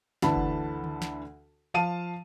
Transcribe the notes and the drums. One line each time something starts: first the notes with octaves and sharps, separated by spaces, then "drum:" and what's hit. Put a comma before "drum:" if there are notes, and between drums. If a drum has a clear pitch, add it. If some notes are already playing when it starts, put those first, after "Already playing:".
D2 D3 E3 A5 B5, drum: snare
drum: kick F#1
drum: tom D3
drum: snare
F3 F5 A5 D#7